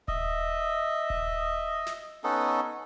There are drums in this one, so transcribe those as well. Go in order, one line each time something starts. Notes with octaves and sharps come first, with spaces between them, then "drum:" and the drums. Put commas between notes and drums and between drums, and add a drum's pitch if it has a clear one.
D#5 E5, drum: kick D#1
drum: kick D#1
drum: snare
B3 C#4 D#4 A4